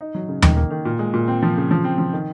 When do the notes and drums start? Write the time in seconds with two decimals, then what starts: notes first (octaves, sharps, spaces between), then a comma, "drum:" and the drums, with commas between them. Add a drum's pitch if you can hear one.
0.01 D#4
0.15 F#3
0.28 C#3
0.42 D#3, drum: tom D#2
0.56 A#3
0.71 D#3
0.85 A#2
0.99 G#3
1.14 A#2
1.28 C4
1.43 F3
1.57 C#3
1.71 F3
1.84 C4
1.98 F3
2.13 D#3